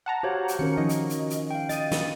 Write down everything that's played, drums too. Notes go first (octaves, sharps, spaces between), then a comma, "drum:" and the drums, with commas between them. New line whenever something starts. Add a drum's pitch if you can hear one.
F#5 A5 A#5
F#4 G4 C5 C#5 F5
drum: hi-hat
D#3 C#4 A#4 C#7
F3 D#4 F#4 D#5
drum: hi-hat
drum: hi-hat
drum: hi-hat
F5 G5
D#5 A6 D#7, drum: hi-hat
drum: snare